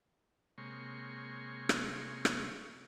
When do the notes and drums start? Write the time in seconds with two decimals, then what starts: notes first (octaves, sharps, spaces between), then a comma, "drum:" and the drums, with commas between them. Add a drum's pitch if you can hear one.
0.58 C3 G#3 A#3 C#5 C6 C#6
1.69 drum: rim click
2.25 drum: rim click